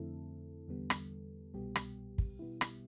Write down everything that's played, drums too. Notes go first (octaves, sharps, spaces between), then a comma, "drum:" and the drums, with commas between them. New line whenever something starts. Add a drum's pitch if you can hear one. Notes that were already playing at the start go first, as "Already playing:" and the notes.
Already playing: F2 D3 A3 C4 E4 A4
E2 D3 G3 B3
drum: rim click
C2 B2 G3 B3 G4
drum: rim click
drum: kick
B2 B3 E4
drum: rim click